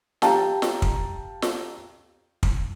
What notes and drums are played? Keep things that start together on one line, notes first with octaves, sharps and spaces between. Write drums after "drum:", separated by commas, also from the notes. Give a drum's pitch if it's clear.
G4 F5 G5 A5 A#5, drum: snare
drum: snare
drum: kick
drum: snare
drum: kick